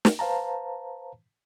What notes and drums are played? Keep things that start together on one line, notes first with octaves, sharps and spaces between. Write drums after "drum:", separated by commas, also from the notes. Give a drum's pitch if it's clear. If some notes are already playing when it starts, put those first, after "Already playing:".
drum: snare
B4 C5 F5 A5 A#5